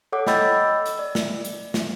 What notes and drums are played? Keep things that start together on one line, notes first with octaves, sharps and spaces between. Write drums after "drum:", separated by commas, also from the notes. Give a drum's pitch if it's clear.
A4 C#5 F#5 D6
D#5 G5 B5 E6 G6 A6, drum: snare
drum: hi-hat
D5
drum: snare
drum: hi-hat
drum: snare